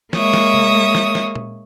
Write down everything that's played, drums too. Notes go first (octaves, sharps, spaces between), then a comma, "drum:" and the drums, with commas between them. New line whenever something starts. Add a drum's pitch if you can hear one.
G#3 A#3 C#5 E5 D#6, drum: snare
drum: snare
drum: tom C3
drum: snare
drum: snare
drum: tom A#2